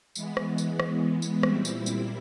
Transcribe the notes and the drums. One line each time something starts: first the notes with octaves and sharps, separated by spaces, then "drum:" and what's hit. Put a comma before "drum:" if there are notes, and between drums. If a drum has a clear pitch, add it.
E3 G#3 B3, drum: tambourine
drum: rim click
drum: tambourine
drum: rim click
drum: tambourine
A#2 G3 C4 E4, drum: rim click
drum: tambourine
drum: tambourine